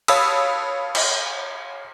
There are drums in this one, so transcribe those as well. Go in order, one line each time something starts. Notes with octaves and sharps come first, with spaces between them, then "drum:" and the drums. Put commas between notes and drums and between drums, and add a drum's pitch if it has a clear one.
C#5 F5 A5 B5 D#6 E6, drum: cymbal
drum: cymbal